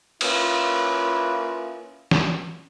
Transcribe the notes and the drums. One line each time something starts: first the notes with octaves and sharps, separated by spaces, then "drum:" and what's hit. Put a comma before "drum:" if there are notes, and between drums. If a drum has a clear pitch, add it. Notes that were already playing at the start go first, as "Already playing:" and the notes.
A#3 C#4 E4 F4 B4, drum: cymbal
drum: snare